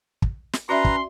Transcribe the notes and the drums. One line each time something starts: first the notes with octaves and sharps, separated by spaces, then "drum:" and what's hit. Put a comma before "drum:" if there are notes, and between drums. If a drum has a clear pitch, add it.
drum: kick
drum: snare
C#4 F#4 B4 D5 E5 A#5 C6
drum: kick